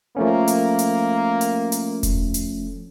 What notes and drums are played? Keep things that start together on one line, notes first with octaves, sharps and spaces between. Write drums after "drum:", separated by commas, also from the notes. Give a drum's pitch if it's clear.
F3 A3 A#3 C#4
drum: hi-hat
drum: hi-hat
drum: hi-hat
drum: hi-hat
drum: kick E1, hi-hat
drum: hi-hat